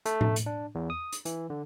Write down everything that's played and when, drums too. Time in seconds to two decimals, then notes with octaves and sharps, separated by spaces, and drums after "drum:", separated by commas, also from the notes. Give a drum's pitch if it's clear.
0.06 A3, drum: hi-hat
0.21 drum: tom A2
0.36 drum: hi-hat
0.46 D4
0.75 E2
0.90 D#6
1.12 drum: hi-hat
1.25 E3, drum: hi-hat
1.50 D3